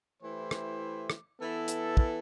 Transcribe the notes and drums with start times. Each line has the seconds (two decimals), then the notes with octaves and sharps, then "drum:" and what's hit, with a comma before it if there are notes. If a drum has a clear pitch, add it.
0.22 E3 A3 E4 G4 C5
0.51 drum: rim click
1.10 drum: rim click
1.39 E3 B3 E4 A4
1.68 drum: hi-hat
1.97 drum: kick